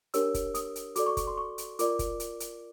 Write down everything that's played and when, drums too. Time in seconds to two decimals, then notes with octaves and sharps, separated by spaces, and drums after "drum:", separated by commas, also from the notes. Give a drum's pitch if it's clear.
0.14 D4 G4 A#4 C#5 E6, drum: hi-hat
0.34 drum: kick, hi-hat
0.55 D#6, drum: hi-hat
0.76 drum: hi-hat
0.96 F#4 A4 D5 D6, drum: hi-hat
1.06 C#6
1.17 C#6, drum: kick, hi-hat
1.27 C6
1.37 C#6
1.58 drum: hi-hat
1.79 F4 A#4 D5 D6, drum: hi-hat
1.99 drum: kick, hi-hat
2.20 drum: hi-hat
2.40 drum: hi-hat